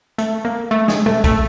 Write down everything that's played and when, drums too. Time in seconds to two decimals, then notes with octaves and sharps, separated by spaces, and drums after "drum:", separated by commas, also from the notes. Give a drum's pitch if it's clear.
0.18 A3, drum: hi-hat
0.45 A#3
0.71 A3
0.88 G#3, drum: snare
1.06 A3, drum: tom
1.24 A3, drum: kick, hi-hat